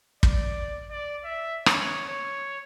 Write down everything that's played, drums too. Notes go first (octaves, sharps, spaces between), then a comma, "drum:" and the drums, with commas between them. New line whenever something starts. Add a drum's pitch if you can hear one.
D5, drum: kick
D5
E5
C#5, drum: rim click
C#5